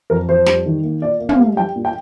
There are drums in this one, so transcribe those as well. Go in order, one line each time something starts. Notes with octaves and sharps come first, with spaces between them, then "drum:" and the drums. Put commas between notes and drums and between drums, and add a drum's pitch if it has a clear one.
F2 A#4
F2 C5
G3, drum: snare
D#3
A#3
A#2 D5
A#3
F5, drum: tom
G3
G3 G5
A#2
G5